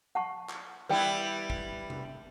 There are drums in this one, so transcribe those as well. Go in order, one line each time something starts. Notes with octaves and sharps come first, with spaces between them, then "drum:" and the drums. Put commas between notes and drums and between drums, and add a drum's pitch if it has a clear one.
F#5 A5 C#6
drum: clap
G3 B3 E4 B4 G5
drum: kick
drum: tom C3